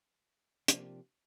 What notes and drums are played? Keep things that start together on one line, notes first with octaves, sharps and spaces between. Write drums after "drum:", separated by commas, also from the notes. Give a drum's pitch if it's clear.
C3 F3 A#3 D4 G4, drum: hi-hat